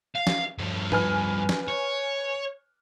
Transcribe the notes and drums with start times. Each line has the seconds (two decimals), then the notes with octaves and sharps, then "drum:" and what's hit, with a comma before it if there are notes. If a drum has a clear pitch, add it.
0.15 F5
0.27 drum: snare
0.58 G2 F3
0.92 B4 G#5 F6, drum: tom
1.49 drum: snare
1.68 C#5